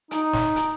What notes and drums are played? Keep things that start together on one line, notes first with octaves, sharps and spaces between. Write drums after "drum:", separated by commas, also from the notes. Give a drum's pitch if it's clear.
D#4, drum: hi-hat
drum: snare
drum: hi-hat